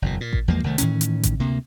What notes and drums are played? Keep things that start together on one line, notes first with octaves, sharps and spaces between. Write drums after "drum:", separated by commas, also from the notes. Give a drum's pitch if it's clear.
F#1 E2 B2
A#2
drum: kick A1
E2 F3 G#3 A#3
C2 D#3 A3
A2 D#3 E3 C#4, drum: hi-hat
drum: hi-hat
drum: kick A1, hi-hat
D2 C3 A#3